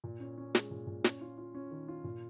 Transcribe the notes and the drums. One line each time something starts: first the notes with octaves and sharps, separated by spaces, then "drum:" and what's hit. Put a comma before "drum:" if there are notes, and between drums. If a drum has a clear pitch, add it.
A#2
C#4
C#4
G#3, drum: snare
A#2
A#2
C#4, drum: snare
F4
F4
C#4
D#3
F4
A#2